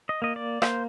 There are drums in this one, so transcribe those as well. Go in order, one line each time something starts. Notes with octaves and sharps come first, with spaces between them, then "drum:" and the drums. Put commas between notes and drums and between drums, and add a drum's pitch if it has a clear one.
D#5
A#3 D#5
D5
A#3 C5, drum: rim click